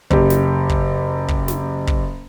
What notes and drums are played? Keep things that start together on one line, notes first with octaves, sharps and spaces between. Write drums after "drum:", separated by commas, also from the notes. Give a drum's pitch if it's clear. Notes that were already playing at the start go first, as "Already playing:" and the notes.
F#1 G4, drum: kick
drum: snare
drum: kick
drum: kick
drum: snare
drum: kick